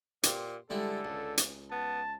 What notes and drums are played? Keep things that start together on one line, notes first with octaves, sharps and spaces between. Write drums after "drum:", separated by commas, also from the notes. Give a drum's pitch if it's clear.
A#2 G4 C5, drum: hi-hat
D3 G3 G#3 E4 A4
C#2
drum: hi-hat
B3 A5